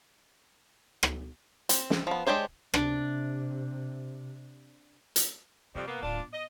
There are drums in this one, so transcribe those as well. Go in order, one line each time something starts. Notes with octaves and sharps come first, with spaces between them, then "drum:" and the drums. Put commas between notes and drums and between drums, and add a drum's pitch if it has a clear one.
drum: rim click
C4, drum: hi-hat
drum: snare
F3 B3
G#3 D4 G4 C5 C#5
C3 D4, drum: rim click
drum: hi-hat
F2 C3 G3 F4
A#3 B3
D1 D4 F4
B3
D#5